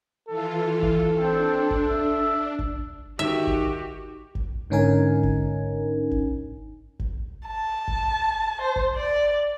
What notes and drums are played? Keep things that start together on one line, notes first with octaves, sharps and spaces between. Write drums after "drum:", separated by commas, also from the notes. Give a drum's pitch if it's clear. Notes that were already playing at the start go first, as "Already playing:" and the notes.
E3 F4 A4
drum: kick G#1
C4 D4
drum: kick G#1
E5
drum: kick G#1
D#3 F#4 G4 E5
drum: kick G#1
drum: kick G#1
G#2 D3 C#4 D#4 A#4 G#5
drum: kick G#1
drum: kick G#1
drum: kick G#1
A5
drum: kick G#1
C5
drum: kick G#1
D5